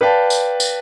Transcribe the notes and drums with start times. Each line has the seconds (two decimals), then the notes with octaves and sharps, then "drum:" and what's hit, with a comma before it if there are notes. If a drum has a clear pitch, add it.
0.01 B4 D5 F5 G5 A5
0.30 drum: tambourine
0.60 drum: tambourine